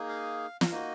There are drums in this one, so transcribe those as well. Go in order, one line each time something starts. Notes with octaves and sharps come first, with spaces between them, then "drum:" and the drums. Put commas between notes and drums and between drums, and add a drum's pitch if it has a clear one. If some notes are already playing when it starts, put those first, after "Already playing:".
Already playing: A#3 D#4 G#4
F5
F5, drum: snare
A#3 D#4 F#4 D#5